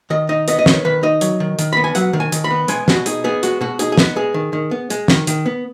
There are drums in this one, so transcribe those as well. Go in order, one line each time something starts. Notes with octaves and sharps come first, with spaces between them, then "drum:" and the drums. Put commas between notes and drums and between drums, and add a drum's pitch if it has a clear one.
D#3 D#5
D#4 D#5
B3 D#5, drum: hi-hat
D#5
D#3 C#5, drum: snare
D#3 B4
D#4 D#5
F#3, drum: hi-hat
D#3
D#3, drum: hi-hat
B3 B5
G#5
F#3 F#5, drum: hi-hat
D#3
G#5
D#3, drum: hi-hat
B5
B3
G#3 G#5, drum: hi-hat
B2 F#4, drum: snare
D#4 G#4, drum: hi-hat
B3 G#4
G#3 F#4, drum: hi-hat
B2 F#4
D#4 G#4, drum: hi-hat
G#4
B3 B4, drum: snare
G#3 G#4
D#3
D#3
B3
G#3, drum: hi-hat
D#3, drum: snare
D#3, drum: hi-hat
B3